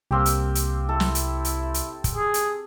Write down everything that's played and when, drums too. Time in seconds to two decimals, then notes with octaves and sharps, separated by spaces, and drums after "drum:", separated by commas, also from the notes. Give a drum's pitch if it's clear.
0.11 C2 A#3 C4 G4
0.26 drum: hi-hat
0.55 drum: hi-hat
0.89 E4 A4
1.00 drum: snare
1.15 drum: hi-hat
1.45 drum: hi-hat
1.74 drum: hi-hat
2.04 drum: kick, hi-hat
2.16 G#4
2.34 drum: hi-hat